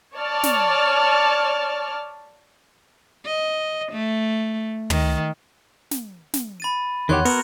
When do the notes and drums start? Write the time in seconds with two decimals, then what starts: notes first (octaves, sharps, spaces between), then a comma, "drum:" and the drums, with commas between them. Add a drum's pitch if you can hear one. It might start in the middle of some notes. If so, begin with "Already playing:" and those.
0.16 C#5 D5 A5 F6
0.43 drum: snare
3.25 D#5
3.92 A3
4.90 D#3, drum: tom
5.91 drum: snare
6.34 drum: snare
6.60 B5 A6 D#7
7.09 E2 D#3 G4 C#5 F#5 C6 F#6 G#6
7.25 B3 F#4 A#4 C#7, drum: open hi-hat